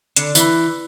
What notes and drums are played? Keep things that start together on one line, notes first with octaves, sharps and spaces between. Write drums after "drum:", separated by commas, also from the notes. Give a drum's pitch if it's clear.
D3, drum: hi-hat
E3, drum: tambourine